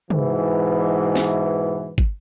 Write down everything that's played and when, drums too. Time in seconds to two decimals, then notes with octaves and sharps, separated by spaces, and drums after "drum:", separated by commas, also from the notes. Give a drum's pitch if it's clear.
0.10 G#2 B2 E3, drum: tom
1.15 drum: snare
1.98 drum: kick